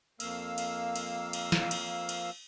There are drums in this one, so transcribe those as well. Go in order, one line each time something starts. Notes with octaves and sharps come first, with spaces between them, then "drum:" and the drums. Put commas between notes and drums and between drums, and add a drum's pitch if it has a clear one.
F2 A#3 F5 E6, drum: cymbal
drum: cymbal
drum: cymbal
drum: cymbal
drum: snare
drum: cymbal
drum: cymbal